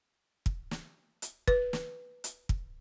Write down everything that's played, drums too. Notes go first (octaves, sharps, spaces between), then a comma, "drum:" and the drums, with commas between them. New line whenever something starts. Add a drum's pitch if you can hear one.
drum: kick
drum: snare
drum: hi-hat
B4, drum: kick
drum: snare
drum: hi-hat
drum: kick